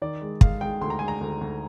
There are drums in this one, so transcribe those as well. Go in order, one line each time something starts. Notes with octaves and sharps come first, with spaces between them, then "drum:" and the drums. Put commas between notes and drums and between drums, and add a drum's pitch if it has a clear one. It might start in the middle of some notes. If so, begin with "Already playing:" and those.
D#3 D5
G#3
G#3 F5, drum: kick
G#3 G5
D2 C6
A#5
G#3 G#5
A#5
D2
D2